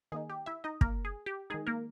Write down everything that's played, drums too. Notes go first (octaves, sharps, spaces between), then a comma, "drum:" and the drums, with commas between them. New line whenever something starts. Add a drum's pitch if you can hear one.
D#3 A#3 D#4 G#4
G4
E4 E5
D#4 D#5
A#3 A#4, drum: kick
G#4
G4
D#3 G#3 D#4 G#4
A#3 A#4